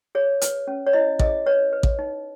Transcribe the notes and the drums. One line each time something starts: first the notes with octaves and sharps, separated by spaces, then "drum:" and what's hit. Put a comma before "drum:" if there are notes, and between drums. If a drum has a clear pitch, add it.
G#4 C#5
B4, drum: hi-hat
C#4
C#5
E4 D#5
G#4 D#5, drum: kick A1
B4 C#5
B4
drum: kick A1
D#4